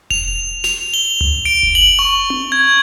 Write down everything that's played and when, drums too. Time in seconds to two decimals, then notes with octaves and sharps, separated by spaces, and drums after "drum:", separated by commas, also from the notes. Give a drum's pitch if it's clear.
0.10 F7, drum: kick F1
0.64 F7, drum: snare
0.94 G7
1.21 drum: tom C#2
1.45 D7
1.63 drum: kick F1
1.75 F#7
1.99 C#6
2.30 drum: tom C4
2.52 G#6